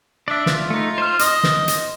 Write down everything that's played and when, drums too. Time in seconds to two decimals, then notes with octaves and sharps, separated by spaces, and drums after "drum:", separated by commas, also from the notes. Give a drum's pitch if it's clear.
0.28 D4 D5 E5
0.46 F4, drum: snare
0.70 A3 D#4
0.98 C5 F6
1.19 D#5, drum: hi-hat
1.43 drum: snare
1.68 drum: hi-hat